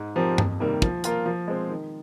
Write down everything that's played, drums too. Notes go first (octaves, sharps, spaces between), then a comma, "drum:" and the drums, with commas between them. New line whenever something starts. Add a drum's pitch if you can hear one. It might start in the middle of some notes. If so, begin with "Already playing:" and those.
Already playing: G#2
F3 C4 G4 A#4
F2, drum: tom G2
C3 D#3 G3 A#3
F3, drum: kick
A#3 F4 A#4, drum: hi-hat
F3
G#3 C4
D#3